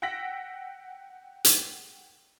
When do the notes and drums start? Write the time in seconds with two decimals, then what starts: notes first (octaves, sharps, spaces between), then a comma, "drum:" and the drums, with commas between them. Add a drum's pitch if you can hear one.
0.02 F#5 G5 E6 A#6 B6 F#7
1.45 drum: hi-hat